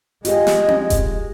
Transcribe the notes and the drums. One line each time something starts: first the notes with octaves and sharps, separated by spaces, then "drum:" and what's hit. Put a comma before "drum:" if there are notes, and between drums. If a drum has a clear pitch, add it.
G#3 F4 G4 G#4 D#5, drum: hi-hat
drum: snare
drum: tom C4
drum: kick E1, hi-hat